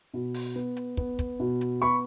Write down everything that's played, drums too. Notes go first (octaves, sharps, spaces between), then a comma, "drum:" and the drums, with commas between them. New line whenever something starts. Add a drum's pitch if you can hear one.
B2
drum: open hi-hat
B3
drum: hi-hat
B3, drum: kick
drum: kick, hi-hat
B2
drum: hi-hat
B3 B5 C#6